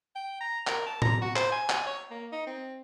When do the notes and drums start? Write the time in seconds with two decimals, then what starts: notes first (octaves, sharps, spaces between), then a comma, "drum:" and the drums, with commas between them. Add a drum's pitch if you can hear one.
0.16 G5
0.41 A#5
0.67 A#4, drum: clap
0.86 A5
1.02 A#5, drum: tom A2
1.22 F#4
1.36 C5, drum: clap
1.52 G#5
1.70 drum: clap
1.87 C#5
2.11 A#3
2.32 D#4
2.47 C4